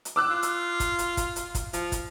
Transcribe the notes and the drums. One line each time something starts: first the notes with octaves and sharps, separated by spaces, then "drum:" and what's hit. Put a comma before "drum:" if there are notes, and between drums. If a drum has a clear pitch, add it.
drum: hi-hat
D6 E6 F#6
F4
drum: hi-hat
drum: kick, hi-hat
drum: hi-hat
drum: kick, hi-hat
drum: hi-hat
drum: kick, hi-hat
F3, drum: hi-hat
drum: kick, hi-hat